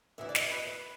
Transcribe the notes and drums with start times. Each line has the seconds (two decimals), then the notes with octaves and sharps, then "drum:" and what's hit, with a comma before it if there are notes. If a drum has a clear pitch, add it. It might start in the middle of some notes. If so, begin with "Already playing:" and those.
0.18 D2 C#3 E3 E5
0.29 D5
0.35 D#5, drum: snare
0.51 B4
0.67 B4